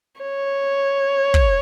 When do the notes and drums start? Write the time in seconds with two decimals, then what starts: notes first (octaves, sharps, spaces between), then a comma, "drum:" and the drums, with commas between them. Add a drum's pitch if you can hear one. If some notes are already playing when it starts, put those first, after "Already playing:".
0.21 C#5
1.34 drum: kick